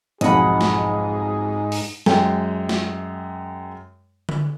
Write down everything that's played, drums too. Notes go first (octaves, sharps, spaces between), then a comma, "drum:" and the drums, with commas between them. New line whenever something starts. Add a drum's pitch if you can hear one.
B1 F2 G#2 D#4 G#4 D#5 F#5 B5, drum: hi-hat
drum: snare
drum: open hi-hat
F#2 G#3 G5, drum: snare
drum: snare
drum: tom D3